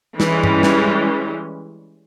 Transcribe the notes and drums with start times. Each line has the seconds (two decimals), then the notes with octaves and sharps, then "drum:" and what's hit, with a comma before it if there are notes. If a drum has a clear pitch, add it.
0.20 E3 G3 G#3 C#4, drum: snare
0.44 drum: tom G2
0.63 drum: snare